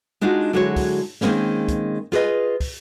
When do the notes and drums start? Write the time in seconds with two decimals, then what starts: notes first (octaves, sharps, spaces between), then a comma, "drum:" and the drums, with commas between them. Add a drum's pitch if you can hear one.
0.21 G#3 D4 D#4 F4 F#4
0.53 D3 F#3 G#3 E4 F#4 C#5
0.76 drum: kick, open hi-hat
1.21 D#3 G#3 A#3 C4 C#4, drum: snare
1.68 drum: kick, hi-hat
2.12 F4 G#4 B4 D#5, drum: snare
2.60 drum: kick, open hi-hat